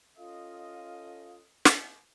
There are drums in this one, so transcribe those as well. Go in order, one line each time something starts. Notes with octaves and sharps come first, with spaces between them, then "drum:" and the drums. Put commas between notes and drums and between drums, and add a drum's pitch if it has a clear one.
C#4 F4 A4 D#5 F5
drum: snare